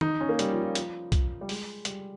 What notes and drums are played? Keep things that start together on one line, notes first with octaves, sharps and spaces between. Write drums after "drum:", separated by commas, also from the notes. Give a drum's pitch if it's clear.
D#4, drum: tom D#3
C#4
A#3
G3, drum: hi-hat
F3
F3
F3, drum: hi-hat
drum: kick, hi-hat
G3
G#3, drum: open hi-hat
G3, drum: hi-hat